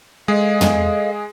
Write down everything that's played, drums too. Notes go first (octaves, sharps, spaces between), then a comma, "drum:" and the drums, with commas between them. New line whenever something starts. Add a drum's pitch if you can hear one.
G#3 G#4 A4 D#5 F5
drum: tom